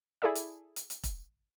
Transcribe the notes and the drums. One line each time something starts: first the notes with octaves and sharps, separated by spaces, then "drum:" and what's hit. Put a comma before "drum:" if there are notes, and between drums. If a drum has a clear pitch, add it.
E4 G#4 A4 D5 E5
drum: hi-hat
drum: hi-hat
drum: hi-hat
drum: kick E1, hi-hat